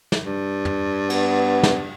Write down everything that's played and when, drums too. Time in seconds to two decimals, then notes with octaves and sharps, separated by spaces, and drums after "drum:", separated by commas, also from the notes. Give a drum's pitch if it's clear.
0.12 drum: snare
0.24 G2
0.65 drum: tom
1.10 B3, drum: cymbal
1.63 drum: snare